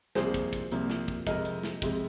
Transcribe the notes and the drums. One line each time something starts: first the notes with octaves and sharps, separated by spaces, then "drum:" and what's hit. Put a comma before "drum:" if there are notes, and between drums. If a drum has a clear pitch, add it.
C2 C3 F3 A#3 G#4 C5, drum: snare
drum: kick, hi-hat
drum: kick, hi-hat
C2 C3 F3 A#3, drum: hi-hat
drum: snare
drum: kick
F2 C3 F3 G#3 A#4 D#5, drum: kick, hi-hat
drum: hi-hat
drum: snare
F2 C3 F3 G#3, drum: kick, hi-hat